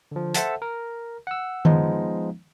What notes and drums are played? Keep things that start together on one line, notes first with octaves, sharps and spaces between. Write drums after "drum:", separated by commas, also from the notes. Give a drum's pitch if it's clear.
D3 F3
A4 C5 E5 F#5 A5, drum: hi-hat
A#4
F#5 E6
F3 G#3 B3 D#4, drum: tom D#3